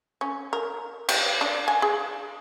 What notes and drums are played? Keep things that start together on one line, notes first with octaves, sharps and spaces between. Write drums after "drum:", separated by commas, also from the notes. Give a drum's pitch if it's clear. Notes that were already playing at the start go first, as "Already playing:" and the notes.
C#4
A#4
G4, drum: cymbal
D4
G#5
G#4